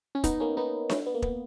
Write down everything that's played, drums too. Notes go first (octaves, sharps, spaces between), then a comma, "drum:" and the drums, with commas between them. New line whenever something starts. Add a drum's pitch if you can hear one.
C#4
B3 D#4, drum: kick, hi-hat
A#3 C#4
B3 D#4
C#4 E4, drum: snare D4
B3
A#3
B3, drum: kick